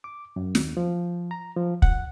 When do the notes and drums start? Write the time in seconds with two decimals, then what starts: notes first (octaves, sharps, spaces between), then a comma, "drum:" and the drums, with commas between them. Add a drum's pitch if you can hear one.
0.04 D6
0.36 F#2
0.55 D#2, drum: snare
0.77 F3
1.31 A#5
1.57 F3
1.82 F#5, drum: kick